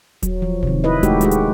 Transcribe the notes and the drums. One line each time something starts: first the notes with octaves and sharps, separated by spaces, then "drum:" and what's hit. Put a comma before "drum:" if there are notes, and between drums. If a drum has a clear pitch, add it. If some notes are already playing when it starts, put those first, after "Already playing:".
F#3, drum: kick D#1, hi-hat
F3
C3 D#3, drum: kick D#1
E4 B4 D#5
G#3 A3 D#4 F#4 G4, drum: kick D#1, hi-hat
G#3 F#4 G4, drum: hi-hat
drum: hi-hat